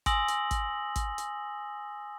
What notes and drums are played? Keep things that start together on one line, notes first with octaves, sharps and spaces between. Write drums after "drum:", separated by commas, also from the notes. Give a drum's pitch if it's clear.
G#5 C6 D#6 E6 A#6 F#7, drum: kick, hi-hat
drum: hi-hat
drum: kick, hi-hat
drum: kick, hi-hat
drum: hi-hat